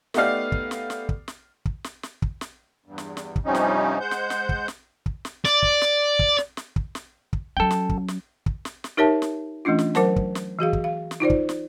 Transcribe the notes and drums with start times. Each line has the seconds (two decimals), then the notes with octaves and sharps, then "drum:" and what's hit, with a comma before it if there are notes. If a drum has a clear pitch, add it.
0.14 A3 B3 D#4 G4 D5 F5, drum: snare
0.52 drum: kick
0.71 drum: snare
0.90 drum: snare
1.09 drum: kick
1.28 drum: snare
1.65 drum: kick
1.84 drum: snare
2.03 drum: snare
2.22 drum: kick
2.41 drum: snare
2.86 E2 G2
2.98 drum: snare
3.17 drum: snare
3.36 drum: kick
3.45 G2 C3 F3 G3 C#4 D#4
3.55 drum: snare
4.00 G#3 C5 F#5 G6
4.11 drum: snare
4.30 drum: snare
4.49 drum: kick
4.68 drum: snare
5.06 drum: kick
5.25 drum: snare
5.45 D5, drum: snare
5.63 drum: kick
5.81 drum: snare
6.19 drum: kick
6.38 drum: snare
6.57 drum: snare
6.76 drum: kick
6.95 drum: snare
7.33 drum: kick
7.57 F#3 C#4 A4 G5
7.71 drum: snare
7.89 drum: kick
8.08 drum: snare
8.46 drum: kick
8.65 drum: snare
8.84 drum: snare
8.97 D#4 G4 A#4 C#5 E5 A5
9.22 drum: snare
9.65 E3 A3 C#4 D4 F4
9.79 drum: snare
9.95 F#3 A#4 C5 F#5 A5, drum: snare
10.16 drum: kick
10.35 drum: snare
10.59 E3 F#4 G#4 F5
10.73 drum: kick
10.84 F5
11.11 drum: snare
11.20 D#4 F4 C5 D5
11.30 drum: kick
11.49 drum: snare